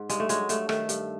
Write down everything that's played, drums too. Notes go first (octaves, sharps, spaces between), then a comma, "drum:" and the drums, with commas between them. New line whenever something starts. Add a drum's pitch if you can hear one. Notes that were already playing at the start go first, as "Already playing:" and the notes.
Already playing: G#2
G2 G#3, drum: hi-hat
A3
F#3 G#3, drum: hi-hat
G2 A3, drum: hi-hat
D#3 A3, drum: rim click
G2, drum: hi-hat